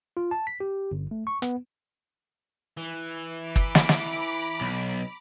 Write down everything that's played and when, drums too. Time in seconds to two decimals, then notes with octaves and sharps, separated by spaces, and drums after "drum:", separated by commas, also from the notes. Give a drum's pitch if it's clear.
0.17 F4
0.31 A5
0.47 B6
0.60 G4
0.91 G1
1.11 A3
1.27 C#6
1.42 B3, drum: hi-hat
2.77 E3
3.47 A#5 B5 D6
3.56 drum: kick
3.75 drum: snare
3.89 drum: snare
4.61 B1